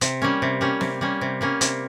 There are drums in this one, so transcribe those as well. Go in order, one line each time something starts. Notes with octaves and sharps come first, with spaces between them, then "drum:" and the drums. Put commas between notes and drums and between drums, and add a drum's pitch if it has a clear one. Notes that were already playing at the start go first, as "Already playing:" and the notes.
C3, drum: hi-hat
G3 A#3 C#4
C3
G3 A#3 C#4
C3, drum: snare
G3 A#3 C#4
C3
G3 A#3 C#4
C3, drum: hi-hat